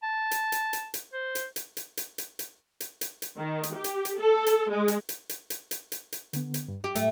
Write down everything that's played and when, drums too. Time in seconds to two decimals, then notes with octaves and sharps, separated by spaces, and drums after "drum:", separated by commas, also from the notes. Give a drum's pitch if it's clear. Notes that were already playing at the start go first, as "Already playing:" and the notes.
0.03 A5
0.31 drum: hi-hat
0.52 drum: hi-hat
0.73 drum: hi-hat
0.94 drum: hi-hat
1.13 C5
1.35 drum: hi-hat
1.56 drum: hi-hat
1.77 drum: hi-hat
1.97 drum: hi-hat
2.18 drum: hi-hat
2.39 drum: hi-hat
2.80 drum: hi-hat
3.01 drum: hi-hat
3.22 drum: hi-hat
3.38 D#3
3.63 drum: hi-hat
3.74 G4
3.84 drum: hi-hat
4.05 drum: hi-hat
4.17 A4
4.46 drum: hi-hat
4.70 G#3
4.88 drum: hi-hat
5.09 drum: hi-hat
5.29 drum: hi-hat
5.50 drum: hi-hat
5.71 drum: hi-hat
5.92 drum: hi-hat
6.12 drum: hi-hat
6.33 D3 B3, drum: hi-hat
6.54 drum: hi-hat
6.68 G2
6.84 G4 D6
6.95 A2 A3, drum: hi-hat